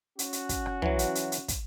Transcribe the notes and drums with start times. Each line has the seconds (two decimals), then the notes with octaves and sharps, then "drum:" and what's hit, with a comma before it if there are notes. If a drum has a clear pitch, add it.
0.19 C#4 F#4, drum: hi-hat
0.33 drum: hi-hat
0.49 drum: kick, hi-hat
0.66 drum: rim click
0.82 E3 F#3, drum: tom
0.99 drum: hi-hat
1.15 drum: hi-hat
1.32 drum: hi-hat
1.48 drum: kick, hi-hat